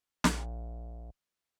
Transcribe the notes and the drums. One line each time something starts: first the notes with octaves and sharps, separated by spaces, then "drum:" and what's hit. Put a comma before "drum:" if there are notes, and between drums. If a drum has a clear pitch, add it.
A#1, drum: snare